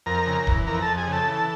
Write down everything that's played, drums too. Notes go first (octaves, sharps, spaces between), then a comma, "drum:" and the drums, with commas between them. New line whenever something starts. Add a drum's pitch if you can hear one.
F2 A#4 A#5
C#3
E3, drum: kick D#1
F2 A#4 A#5
A4 A5
F2
G#4 G#5
C#3
A4 A5
E3